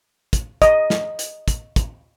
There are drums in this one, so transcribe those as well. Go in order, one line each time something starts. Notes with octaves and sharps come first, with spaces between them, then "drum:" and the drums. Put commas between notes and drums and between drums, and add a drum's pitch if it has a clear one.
drum: kick, hi-hat
D#5, drum: kick, hi-hat
drum: snare
drum: hi-hat
drum: kick, hi-hat
drum: kick, hi-hat